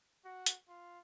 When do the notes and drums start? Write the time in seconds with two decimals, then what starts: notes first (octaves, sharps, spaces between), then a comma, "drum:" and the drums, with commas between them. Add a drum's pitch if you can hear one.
0.25 F#4
0.46 drum: hi-hat
0.69 F4